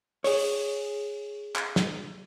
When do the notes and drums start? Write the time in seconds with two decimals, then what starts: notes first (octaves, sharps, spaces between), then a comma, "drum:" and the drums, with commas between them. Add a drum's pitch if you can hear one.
0.24 G#4 C#5, drum: open hi-hat
1.56 drum: clap
1.76 drum: snare